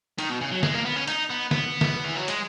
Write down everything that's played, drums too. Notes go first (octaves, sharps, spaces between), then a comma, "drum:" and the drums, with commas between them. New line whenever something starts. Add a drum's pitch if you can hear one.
D#3, drum: hi-hat
B2
C#3
F#3
G#3, drum: snare
A#3
B3
C#4
D#4, drum: hi-hat
B3
B3, drum: snare
drum: snare
E3
F#3
G#3, drum: hi-hat